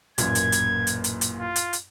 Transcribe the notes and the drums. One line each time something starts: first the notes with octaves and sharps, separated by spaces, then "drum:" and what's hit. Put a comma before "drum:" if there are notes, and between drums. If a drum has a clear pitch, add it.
A1 F#2 A#2 G#6, drum: hi-hat
drum: hi-hat
drum: hi-hat
drum: hi-hat
drum: hi-hat
drum: hi-hat
F4
drum: hi-hat
drum: hi-hat